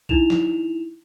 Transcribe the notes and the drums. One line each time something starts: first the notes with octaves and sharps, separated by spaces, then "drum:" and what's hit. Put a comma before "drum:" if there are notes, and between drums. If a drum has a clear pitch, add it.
D#4 E4 E7 F7, drum: kick
drum: snare